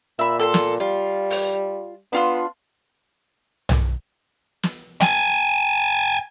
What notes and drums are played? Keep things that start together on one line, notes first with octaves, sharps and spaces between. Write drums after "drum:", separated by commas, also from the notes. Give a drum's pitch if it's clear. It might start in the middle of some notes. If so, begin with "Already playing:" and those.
A#2 E5 B5
A4 G5 C6
drum: snare
G3 F4
drum: open hi-hat
B3 D4 F4 C6
drum: tom B1
drum: snare
G5 G#5, drum: snare